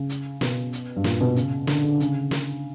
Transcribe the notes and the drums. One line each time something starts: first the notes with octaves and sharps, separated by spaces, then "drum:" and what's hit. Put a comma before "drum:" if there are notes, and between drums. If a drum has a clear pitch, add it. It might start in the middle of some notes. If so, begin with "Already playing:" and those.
Already playing: C#3
drum: hi-hat
B2, drum: snare
drum: hi-hat
G2
A#2, drum: snare
B2
C#3, drum: hi-hat
D3, drum: snare
D3
C#3, drum: hi-hat
drum: snare